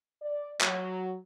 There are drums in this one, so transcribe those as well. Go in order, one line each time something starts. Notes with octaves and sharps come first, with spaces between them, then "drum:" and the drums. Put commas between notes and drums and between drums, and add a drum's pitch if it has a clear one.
D5
F#3, drum: clap